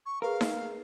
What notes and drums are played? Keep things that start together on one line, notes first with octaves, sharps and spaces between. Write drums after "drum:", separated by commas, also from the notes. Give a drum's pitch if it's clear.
C#6
G#4 A#4 B4 F5
drum: snare D#4